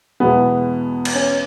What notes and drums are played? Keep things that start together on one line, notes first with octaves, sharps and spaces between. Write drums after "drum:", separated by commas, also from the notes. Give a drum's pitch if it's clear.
E2 B2 G#3 B3
drum: cymbal
C#4